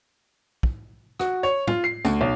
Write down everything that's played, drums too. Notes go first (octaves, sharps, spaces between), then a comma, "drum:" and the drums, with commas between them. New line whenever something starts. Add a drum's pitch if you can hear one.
drum: kick
F#4, drum: rim click
C#5
F4, drum: tom
C7
D2, drum: tambourine
B1